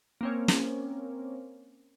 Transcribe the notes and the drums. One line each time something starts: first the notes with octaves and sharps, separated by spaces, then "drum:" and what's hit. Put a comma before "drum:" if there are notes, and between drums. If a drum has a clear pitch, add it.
A#3 C4 C#4
drum: snare